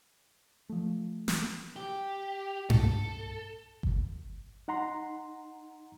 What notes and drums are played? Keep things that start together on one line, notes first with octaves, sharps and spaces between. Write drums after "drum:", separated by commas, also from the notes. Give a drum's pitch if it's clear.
F3 A3
drum: snare
G4
A4, drum: tom G2
drum: kick G1
D#4 F#5 A#5 C6